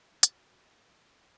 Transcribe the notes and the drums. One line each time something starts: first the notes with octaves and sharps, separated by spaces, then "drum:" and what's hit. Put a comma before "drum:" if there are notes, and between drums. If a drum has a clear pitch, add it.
F#4 A6, drum: hi-hat